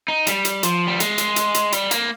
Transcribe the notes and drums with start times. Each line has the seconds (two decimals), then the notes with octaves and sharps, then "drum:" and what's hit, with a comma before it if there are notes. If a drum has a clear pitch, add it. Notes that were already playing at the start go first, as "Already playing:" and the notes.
0.08 D#4
0.27 G3, drum: hi-hat
0.45 drum: hi-hat
0.63 F3, drum: hi-hat
0.87 G3
1.00 G#3, drum: hi-hat
1.18 drum: hi-hat
1.36 drum: hi-hat
1.54 drum: hi-hat
1.72 G3, drum: hi-hat
1.91 A#3, drum: hi-hat